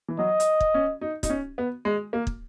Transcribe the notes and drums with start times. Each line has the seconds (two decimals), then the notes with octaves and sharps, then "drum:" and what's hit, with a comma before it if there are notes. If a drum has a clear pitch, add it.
0.08 E3
0.19 F#3 D#5
0.40 drum: hi-hat
0.60 drum: kick
0.74 C#4
1.01 D#4
1.23 D#4, drum: kick, hi-hat
1.30 C#4
1.58 B3
1.85 G#3
2.13 A#3
2.27 drum: kick